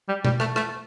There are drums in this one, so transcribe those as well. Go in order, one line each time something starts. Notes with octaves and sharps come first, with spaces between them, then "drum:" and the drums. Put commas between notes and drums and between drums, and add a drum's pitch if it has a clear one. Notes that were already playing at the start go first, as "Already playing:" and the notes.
G3
G3, drum: tom B2
A3, drum: rim click
A3, drum: rim click